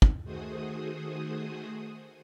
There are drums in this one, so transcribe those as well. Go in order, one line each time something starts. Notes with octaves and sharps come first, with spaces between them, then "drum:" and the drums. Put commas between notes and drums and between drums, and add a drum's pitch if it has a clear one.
drum: kick
D#3 A3 F#4 G#4 C5 D#6